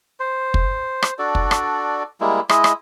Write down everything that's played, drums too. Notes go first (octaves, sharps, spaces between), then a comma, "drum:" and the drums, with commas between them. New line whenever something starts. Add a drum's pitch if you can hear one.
C5
drum: kick
drum: rim click
D4 F#4 A4 D5
drum: kick
drum: rim click
G3 G#3 A#3 E4
G#3 E4 D#5, drum: rim click
drum: rim click